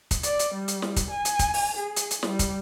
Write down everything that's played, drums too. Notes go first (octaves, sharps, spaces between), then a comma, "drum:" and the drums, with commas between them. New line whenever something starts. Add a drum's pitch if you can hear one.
drum: kick, hi-hat
D5, drum: hi-hat
drum: hi-hat
G3
drum: hi-hat
drum: snare
drum: kick, hi-hat
G#5
drum: hi-hat
drum: kick, hi-hat
drum: open hi-hat
G#4
drum: hi-hat
drum: hi-hat
G3, drum: snare
drum: kick, hi-hat